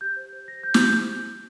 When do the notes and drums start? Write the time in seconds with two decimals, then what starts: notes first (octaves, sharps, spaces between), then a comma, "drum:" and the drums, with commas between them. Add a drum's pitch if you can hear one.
0.01 G4 G6
0.16 C5
0.33 C5
0.48 G4 A#6
0.63 C5 G6
0.74 G6, drum: snare
0.79 G4
0.84 G6